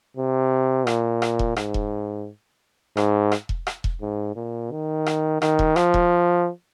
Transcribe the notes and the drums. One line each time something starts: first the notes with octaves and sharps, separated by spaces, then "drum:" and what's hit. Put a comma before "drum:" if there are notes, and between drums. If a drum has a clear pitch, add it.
C3
A#2, drum: rim click
drum: rim click
drum: kick E1
G#2, drum: rim click
drum: kick E1
G#2, drum: rim click
drum: rim click
drum: kick E1
drum: rim click
drum: kick E1
G#2
A#2
D#3
drum: rim click
D#3, drum: rim click
drum: kick E1
F3, drum: rim click
drum: kick E1